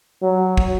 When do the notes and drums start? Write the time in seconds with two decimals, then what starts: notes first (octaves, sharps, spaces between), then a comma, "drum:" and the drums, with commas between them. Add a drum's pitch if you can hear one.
0.22 F#3
0.57 drum: kick